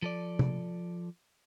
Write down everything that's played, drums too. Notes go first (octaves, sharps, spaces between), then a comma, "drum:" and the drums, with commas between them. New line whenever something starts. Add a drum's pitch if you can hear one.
F3 A4 D5
drum: tom C3